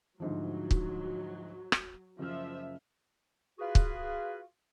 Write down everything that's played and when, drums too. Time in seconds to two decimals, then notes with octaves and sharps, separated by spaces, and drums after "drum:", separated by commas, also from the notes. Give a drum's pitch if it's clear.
0.20 D2 G#2 F3 F#3
0.71 drum: kick
1.72 drum: rim click
2.19 F#1 F3 E5 F6
3.59 F4 F#4 G#4 B4
3.75 drum: kick